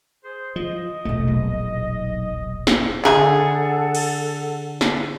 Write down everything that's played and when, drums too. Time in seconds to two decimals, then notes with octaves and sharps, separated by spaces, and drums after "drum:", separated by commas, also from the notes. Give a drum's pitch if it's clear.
0.24 G#4 C5
0.56 F3 D#5
1.05 E1 A#1 A3
1.28 B1
2.67 drum: snare
3.05 D3 G#4 A4 F#5, drum: clap
3.95 drum: cymbal
4.81 drum: snare